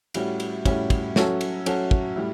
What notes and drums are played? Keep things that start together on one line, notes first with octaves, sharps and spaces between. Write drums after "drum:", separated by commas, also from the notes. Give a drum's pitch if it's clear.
A2 G3 C#4 F#4, drum: cymbal
drum: cymbal
A2 G3 C#4 F#4, drum: kick, cymbal
drum: kick, cymbal
F#3 C#4 F#4 A4, drum: snare
drum: cymbal
F#3 C#4 F#4 A4, drum: cymbal
drum: kick
A2 G3